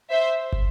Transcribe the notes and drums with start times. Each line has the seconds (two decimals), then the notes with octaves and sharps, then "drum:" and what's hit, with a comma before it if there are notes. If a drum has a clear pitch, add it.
0.11 C5 E5
0.52 drum: kick